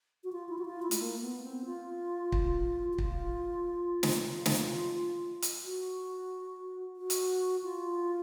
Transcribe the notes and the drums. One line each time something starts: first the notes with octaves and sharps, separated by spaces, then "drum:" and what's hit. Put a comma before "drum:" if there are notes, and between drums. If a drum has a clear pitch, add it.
F#4
F4
E4
F#4
F4
E4
A3, drum: hi-hat
A#3
B3
C4
F4
drum: kick
F#4
F4, drum: kick
drum: snare
F4
drum: snare
drum: hi-hat
F#4
F#4
drum: hi-hat
F4